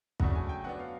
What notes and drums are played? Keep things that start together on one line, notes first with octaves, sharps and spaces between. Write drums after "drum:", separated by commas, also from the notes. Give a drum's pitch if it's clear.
C#3 F#3 A3 D4 F#5, drum: kick
G#5
G5
F#3 B3 D4 F#5
F5